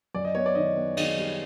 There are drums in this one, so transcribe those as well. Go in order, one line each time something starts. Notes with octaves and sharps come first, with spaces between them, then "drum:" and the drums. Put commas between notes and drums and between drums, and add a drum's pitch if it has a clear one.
F#2 D5
D#5
B3 C#5
D5
D#3 D#5
B3
D#3 D#5, drum: cymbal
G3